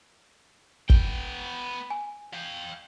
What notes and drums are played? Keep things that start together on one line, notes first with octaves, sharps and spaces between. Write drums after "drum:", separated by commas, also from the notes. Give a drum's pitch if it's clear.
B3 G5, drum: kick
G#5
F5 G5